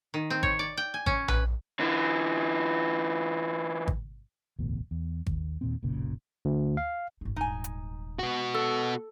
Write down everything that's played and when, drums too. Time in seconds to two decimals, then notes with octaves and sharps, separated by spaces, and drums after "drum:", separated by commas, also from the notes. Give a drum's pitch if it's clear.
0.14 D#3
0.30 C4
0.43 C#5, drum: kick G#1
0.59 D5
0.77 G5
0.94 G#5
1.06 C#4, drum: kick G#1
1.28 B4, drum: tom A#1
1.80 D3 E3
3.88 drum: kick G#1
4.59 E1 A1 D2 B2
4.91 E2
5.26 D#2, drum: kick G#1
5.61 D#2 A#2 C4
5.82 F#1 B1 A#2 C#3
6.45 D2
6.77 F5
7.21 G#1 D#4
7.36 D#1 G#1 D#4 G#5
7.64 drum: hi-hat
8.19 B2 G#3 F#4
8.54 A4